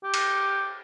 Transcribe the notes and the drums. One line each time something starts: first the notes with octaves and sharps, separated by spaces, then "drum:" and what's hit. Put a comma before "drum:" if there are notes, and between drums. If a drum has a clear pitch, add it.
G4
drum: cymbal